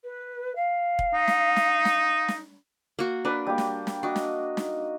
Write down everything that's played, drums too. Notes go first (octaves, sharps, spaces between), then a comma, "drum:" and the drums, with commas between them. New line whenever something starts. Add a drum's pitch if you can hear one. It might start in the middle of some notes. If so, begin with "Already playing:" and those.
B4
F5
drum: kick E1
D#4
drum: snare
drum: snare
drum: snare
drum: snare
A#3 F#4
D4 A#4 B4 D5
G3 A#3
drum: snare
drum: snare
D4 F#4 D#5
drum: snare
D#4, drum: snare